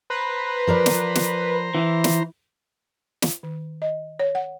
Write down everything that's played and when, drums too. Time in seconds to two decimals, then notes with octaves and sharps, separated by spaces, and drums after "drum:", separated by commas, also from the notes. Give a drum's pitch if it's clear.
0.10 B4 C5 A#5
0.67 F3 A#4 D5
0.86 drum: snare
1.15 drum: snare
1.75 E3
2.04 drum: snare
3.22 drum: snare
3.43 D#3
3.82 D#5
4.19 C#5
4.35 F#5